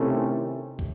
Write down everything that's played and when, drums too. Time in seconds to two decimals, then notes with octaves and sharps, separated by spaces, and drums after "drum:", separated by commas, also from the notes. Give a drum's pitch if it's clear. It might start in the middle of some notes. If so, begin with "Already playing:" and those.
Already playing: C3 D#3 A3 C#4 E4
0.79 drum: kick